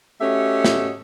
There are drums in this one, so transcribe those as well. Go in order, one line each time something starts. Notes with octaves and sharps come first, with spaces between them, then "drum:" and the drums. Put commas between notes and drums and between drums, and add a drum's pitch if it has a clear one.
A3 C#4 F#4 G4 D#5 E5
drum: snare